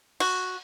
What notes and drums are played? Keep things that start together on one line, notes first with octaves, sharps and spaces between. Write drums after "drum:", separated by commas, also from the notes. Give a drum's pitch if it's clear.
F#4, drum: cymbal